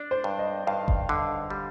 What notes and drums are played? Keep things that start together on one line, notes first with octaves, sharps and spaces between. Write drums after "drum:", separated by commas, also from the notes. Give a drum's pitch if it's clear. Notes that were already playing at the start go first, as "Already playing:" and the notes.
Already playing: D4 D5
C5
G2
D#5
G2 F5
drum: kick F#1
D3
G3